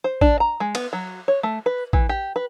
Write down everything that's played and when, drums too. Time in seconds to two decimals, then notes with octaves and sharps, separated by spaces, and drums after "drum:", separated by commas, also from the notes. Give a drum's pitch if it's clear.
0.04 C5
0.21 D4, drum: kick
0.40 A#5
0.60 G#3
0.75 B3, drum: cymbal
0.93 F#3
1.28 C#5
1.43 A3
1.66 B4
1.93 E3, drum: kick
2.09 G4
2.36 B4